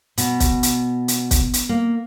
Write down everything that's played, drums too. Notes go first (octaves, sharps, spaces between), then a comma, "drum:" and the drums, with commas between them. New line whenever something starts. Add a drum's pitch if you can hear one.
B2, drum: hi-hat
drum: kick, hi-hat
drum: hi-hat
drum: hi-hat
drum: kick, hi-hat
drum: hi-hat
A#3